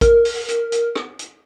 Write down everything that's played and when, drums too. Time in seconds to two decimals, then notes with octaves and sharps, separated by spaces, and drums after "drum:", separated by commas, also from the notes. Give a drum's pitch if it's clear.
0.01 A#4, drum: kick A#1, hi-hat
0.25 drum: open hi-hat
0.48 drum: hi-hat
0.72 drum: hi-hat
0.95 drum: rim click
1.19 drum: hi-hat